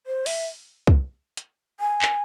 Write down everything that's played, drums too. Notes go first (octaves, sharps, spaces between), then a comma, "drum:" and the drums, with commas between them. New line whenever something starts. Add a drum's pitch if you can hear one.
C5
E5, drum: open hi-hat
drum: kick
drum: hi-hat
G#5
drum: clap